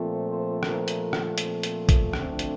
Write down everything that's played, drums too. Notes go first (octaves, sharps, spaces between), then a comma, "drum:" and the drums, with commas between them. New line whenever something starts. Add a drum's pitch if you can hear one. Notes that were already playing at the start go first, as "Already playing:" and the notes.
Already playing: A#2 F3 A3 C4
C5
A#4, drum: rim click
drum: hi-hat
drum: rim click
C4, drum: hi-hat
drum: hi-hat
drum: kick A1, hi-hat
F2 D3 A3 C4 D4, drum: rim click
drum: hi-hat